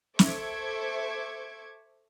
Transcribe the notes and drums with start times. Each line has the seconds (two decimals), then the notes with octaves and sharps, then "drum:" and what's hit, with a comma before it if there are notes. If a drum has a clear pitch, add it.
0.19 A4 C5 E5 C#6 D6 G#6, drum: snare